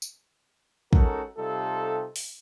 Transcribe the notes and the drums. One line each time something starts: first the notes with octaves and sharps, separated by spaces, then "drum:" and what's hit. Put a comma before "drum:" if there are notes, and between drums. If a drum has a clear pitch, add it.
drum: tambourine
G#3 C#4 D#4 F#4 A4 A#4, drum: kick
C3 G3 D#4 F4 A4
drum: open hi-hat